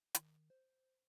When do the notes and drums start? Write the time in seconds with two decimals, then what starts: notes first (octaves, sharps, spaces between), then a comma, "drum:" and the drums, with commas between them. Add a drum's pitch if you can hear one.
0.15 D#3, drum: hi-hat
0.50 C5